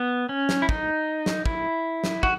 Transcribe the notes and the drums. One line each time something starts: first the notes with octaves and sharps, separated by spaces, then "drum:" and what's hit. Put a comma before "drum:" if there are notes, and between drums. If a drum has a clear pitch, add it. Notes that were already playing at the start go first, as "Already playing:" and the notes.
Already playing: B3
C#4
drum: snare
E4
D#4, drum: kick
drum: snare
E4, drum: kick
drum: snare
F#4, drum: kick